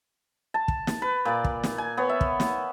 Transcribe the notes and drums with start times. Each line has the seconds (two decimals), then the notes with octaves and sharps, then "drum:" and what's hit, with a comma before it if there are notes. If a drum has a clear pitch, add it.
0.54 A5
0.68 drum: kick
0.87 drum: snare
1.02 B4
1.25 A#2 D5
1.44 drum: kick
1.64 drum: snare
1.78 G#5
1.97 B3 C#5
2.09 E5
2.21 drum: kick
2.40 drum: snare